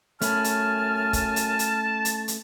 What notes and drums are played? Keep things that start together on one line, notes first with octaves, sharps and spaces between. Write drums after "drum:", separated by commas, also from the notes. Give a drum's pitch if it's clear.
F#2 A3 C#4 G#5 A5 B5 F6, drum: hi-hat
drum: hi-hat
drum: kick, hi-hat
drum: hi-hat
drum: hi-hat
drum: hi-hat
drum: hi-hat